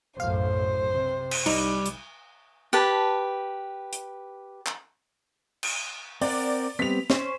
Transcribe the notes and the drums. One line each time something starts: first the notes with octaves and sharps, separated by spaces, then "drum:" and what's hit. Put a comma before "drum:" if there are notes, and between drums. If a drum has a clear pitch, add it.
B1 F#2 A2 C5 F5
C3
drum: cymbal
C2 G3 D#4, drum: cymbal
drum: hi-hat
G4 B4 A5
drum: hi-hat
drum: clap
drum: cymbal
C4 A#4 D5 F#5, drum: open hi-hat
G3 B3 C4 B6 F7
C#4 C5, drum: snare